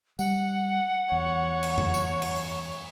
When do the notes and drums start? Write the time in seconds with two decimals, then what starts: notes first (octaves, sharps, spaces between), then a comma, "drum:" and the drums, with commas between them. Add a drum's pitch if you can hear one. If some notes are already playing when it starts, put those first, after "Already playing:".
0.19 G3 F#5, drum: tambourine
1.12 E2 C#5
1.63 drum: cymbal
1.78 drum: tom F2
1.94 drum: tambourine
2.22 drum: cymbal
2.35 drum: open hi-hat